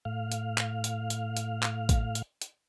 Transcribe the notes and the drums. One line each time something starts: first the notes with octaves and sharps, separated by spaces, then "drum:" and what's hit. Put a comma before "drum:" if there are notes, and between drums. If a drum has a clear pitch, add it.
A2 F5
drum: hi-hat
drum: clap
drum: hi-hat
drum: hi-hat
drum: hi-hat
drum: clap
drum: kick A1, hi-hat
drum: hi-hat
drum: hi-hat